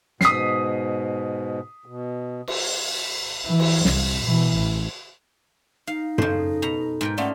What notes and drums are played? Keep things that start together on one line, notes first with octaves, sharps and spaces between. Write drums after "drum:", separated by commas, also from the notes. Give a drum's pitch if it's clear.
G#2 B2 D#6 B6 C7, drum: snare
B2
drum: cymbal
E3
drum: cymbal
C2, drum: snare
B2 E3
A1
D#4 F5
C#3 A4 C5, drum: tom F#2
B2 A#5
G#2 A#4 G5
A3 C#4 D#4 F4 D5 F#5